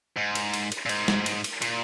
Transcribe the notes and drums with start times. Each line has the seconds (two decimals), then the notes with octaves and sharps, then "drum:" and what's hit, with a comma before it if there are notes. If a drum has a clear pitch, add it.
0.17 G#2
0.35 drum: cymbal
0.54 drum: cymbal
0.72 drum: cymbal
0.86 A#2
0.89 G#2, drum: cymbal
1.08 drum: snare
1.26 drum: cymbal
1.44 drum: cymbal
1.62 A#2, drum: cymbal